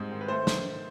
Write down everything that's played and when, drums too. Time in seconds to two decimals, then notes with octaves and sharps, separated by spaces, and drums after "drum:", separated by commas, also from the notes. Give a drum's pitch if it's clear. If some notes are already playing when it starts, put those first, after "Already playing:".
Already playing: G#2 G3 C4 C5
0.12 D#3
0.21 B4
0.28 A3 C5
0.47 drum: snare